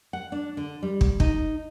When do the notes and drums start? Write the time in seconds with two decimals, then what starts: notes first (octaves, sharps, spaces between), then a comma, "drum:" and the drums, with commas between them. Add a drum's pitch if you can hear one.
0.13 F#5
0.32 D4
0.57 D3
0.83 G3
1.01 drum: kick
1.20 D#4, drum: kick